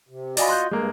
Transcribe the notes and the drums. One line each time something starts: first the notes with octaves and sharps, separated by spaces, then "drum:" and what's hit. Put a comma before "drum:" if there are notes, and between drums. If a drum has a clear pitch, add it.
C3
F4 F#4 D5 D#5 G#5 B5, drum: open hi-hat
C6 F#6 G6
G2 G#3 A#3